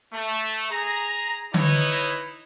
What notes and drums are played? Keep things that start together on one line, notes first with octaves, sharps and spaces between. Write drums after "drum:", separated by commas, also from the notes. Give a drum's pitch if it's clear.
A3
G#4 A#5
D#4 E4 B4 C#5 D#5, drum: tom D3